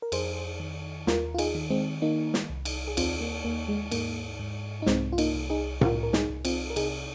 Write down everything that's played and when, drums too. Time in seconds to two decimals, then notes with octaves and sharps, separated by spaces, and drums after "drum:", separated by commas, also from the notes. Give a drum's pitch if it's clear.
0.02 A#4
0.12 F2 G#4 C5, drum: cymbal
0.60 D#3
1.07 D#2 F4 A#4, drum: snare
1.34 F4
1.38 D#4 G#4, drum: cymbal
1.55 D#3
1.70 G#3 C4
2.02 D#3 A#3 D#4
2.34 drum: snare
2.50 C2
2.65 drum: cymbal
2.88 G#4
2.97 D#2 C4 F4, drum: cymbal
3.21 A#3
3.44 D#2 A#3
3.68 G#3
3.91 G#2 A#3, drum: cymbal
4.39 G#2
4.82 D#4
4.86 C2 G#3 C4, drum: snare
5.12 F4
5.18 A#3 D#4, drum: cymbal
5.34 C2
5.50 D#4 G#4
5.81 C2 F4 A#4, drum: tom A2
6.03 A#4
6.13 D#4 G#4, drum: snare
6.29 C2
6.45 C4 F4, drum: cymbal
6.70 A#4
6.76 C3 D#4 G#4, drum: cymbal